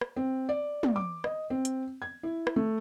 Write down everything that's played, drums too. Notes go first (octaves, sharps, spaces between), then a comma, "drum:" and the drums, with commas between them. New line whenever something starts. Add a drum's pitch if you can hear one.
drum: rim click
C4
D5
drum: tom
D6
D#5, drum: rim click
C4
drum: hi-hat
G#6
E4
drum: rim click
A3